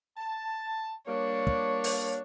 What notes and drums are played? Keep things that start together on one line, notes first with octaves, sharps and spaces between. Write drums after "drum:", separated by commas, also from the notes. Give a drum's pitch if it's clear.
A5
G3 A#3 D4 C#5
drum: kick
drum: open hi-hat